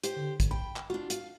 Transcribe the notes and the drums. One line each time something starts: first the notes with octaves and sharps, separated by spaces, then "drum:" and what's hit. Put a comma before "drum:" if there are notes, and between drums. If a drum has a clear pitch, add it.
G4 C5, drum: hi-hat
D3
drum: kick, hi-hat
G5 B5
drum: clap
D4 F4 F#4
F5, drum: hi-hat